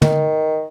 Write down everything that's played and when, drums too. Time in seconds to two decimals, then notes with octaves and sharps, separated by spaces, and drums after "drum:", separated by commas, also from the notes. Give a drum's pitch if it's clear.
0.02 D#3, drum: tom